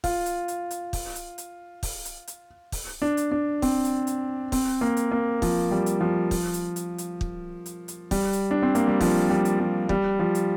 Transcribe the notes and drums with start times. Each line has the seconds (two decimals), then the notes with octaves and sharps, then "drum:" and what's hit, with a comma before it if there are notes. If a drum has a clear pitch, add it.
0.04 F4, drum: kick, open hi-hat
0.26 drum: hi-hat
0.48 drum: hi-hat
0.71 drum: hi-hat
0.93 drum: kick, open hi-hat
1.15 drum: hi-hat
1.38 drum: hi-hat
1.83 drum: kick, open hi-hat
2.05 drum: hi-hat
2.27 drum: hi-hat
2.72 drum: kick, open hi-hat
3.02 D4
3.17 drum: hi-hat
3.32 D4
3.62 C4, drum: kick, open hi-hat
3.84 drum: hi-hat
4.07 drum: hi-hat
4.52 C4, drum: kick, open hi-hat
4.81 A#3
4.97 drum: hi-hat
5.12 A#3
5.42 F3, drum: kick, open hi-hat
5.71 G3
5.86 drum: hi-hat
6.01 F3
6.31 drum: kick, open hi-hat
6.53 drum: hi-hat
6.76 drum: hi-hat
6.98 drum: hi-hat
7.21 drum: kick
7.66 drum: hi-hat
7.88 drum: hi-hat
8.11 G3, drum: kick, open hi-hat
8.33 drum: hi-hat
8.51 D4
8.63 C4
8.75 A#3, drum: hi-hat
8.88 G3
9.01 F3, drum: kick, open hi-hat
9.30 G3
9.45 drum: hi-hat
9.60 G3
9.89 G3, drum: kick
10.19 F3
10.35 drum: hi-hat